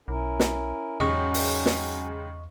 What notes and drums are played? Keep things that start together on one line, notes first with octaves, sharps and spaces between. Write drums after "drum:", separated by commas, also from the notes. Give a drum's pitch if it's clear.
B1 C#4 E4 A#4
drum: snare
E2 G#2 C#3 F#3 C#4 G4 D#5 C#6
drum: open hi-hat
drum: snare